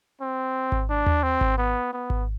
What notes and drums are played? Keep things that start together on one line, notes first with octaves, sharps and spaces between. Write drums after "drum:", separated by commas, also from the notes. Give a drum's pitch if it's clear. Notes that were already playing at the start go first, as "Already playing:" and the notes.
C4
drum: kick G#1
D4
drum: tom D#2
C4
drum: kick G#1
B3
B3
drum: kick G#1